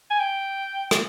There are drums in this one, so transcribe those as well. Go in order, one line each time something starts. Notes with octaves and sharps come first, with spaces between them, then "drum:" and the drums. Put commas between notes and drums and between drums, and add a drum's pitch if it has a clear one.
G#5
G5
drum: rim click